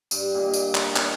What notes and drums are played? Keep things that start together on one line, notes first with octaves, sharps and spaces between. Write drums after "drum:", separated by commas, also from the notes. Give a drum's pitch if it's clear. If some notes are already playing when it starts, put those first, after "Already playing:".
G2, drum: tambourine
A#2 D#3 D#5
drum: tambourine
drum: clap
drum: clap